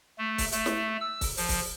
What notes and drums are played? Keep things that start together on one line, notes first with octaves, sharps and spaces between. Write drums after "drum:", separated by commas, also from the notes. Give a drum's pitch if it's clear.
A3
drum: kick, open hi-hat
A3, drum: hi-hat
drum: snare
E6
drum: kick, open hi-hat
F3, drum: open hi-hat
drum: kick, open hi-hat